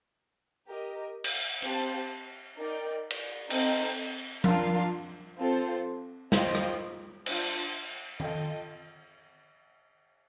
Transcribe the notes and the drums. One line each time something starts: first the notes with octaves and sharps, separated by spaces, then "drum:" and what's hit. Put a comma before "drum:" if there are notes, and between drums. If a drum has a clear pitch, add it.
G4 A#4 D#5
drum: cymbal
C4 G4 C5 F5 A5, drum: hi-hat
D#4 A#4 D5 G5
drum: cymbal
C4 D#4 A4 D#5 G5, drum: cymbal
drum: open hi-hat
D4 F4 A#4 F5, drum: tom F3
C4 F4 A4 C5
F4 C5 D#5 G5, drum: snare
drum: rim click
D4 F4 C5, drum: cymbal
F4 A4 D#5 G5, drum: tom D#3